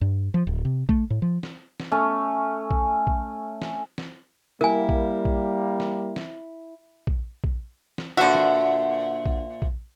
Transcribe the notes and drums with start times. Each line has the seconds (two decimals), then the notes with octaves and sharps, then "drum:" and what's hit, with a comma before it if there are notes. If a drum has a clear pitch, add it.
0.01 G2
0.34 F3
0.47 D1
0.65 C3
0.89 A3, drum: kick A#1
1.10 A2
1.22 F3
1.43 drum: snare
1.80 drum: snare
1.92 A3 C#4
2.71 drum: kick A#1
3.07 drum: kick A#1
3.62 drum: snare
3.98 drum: snare
4.61 G3 A#3 E4 A#4 G#5
4.89 drum: kick A#1
5.25 drum: kick A#1
5.80 drum: snare
6.16 drum: snare
7.07 drum: kick A#1
7.44 drum: kick A#1
7.98 drum: snare
8.17 A#2 D3 F#4 C5 E5
8.35 drum: snare
9.26 drum: kick A#1
9.62 drum: kick A#1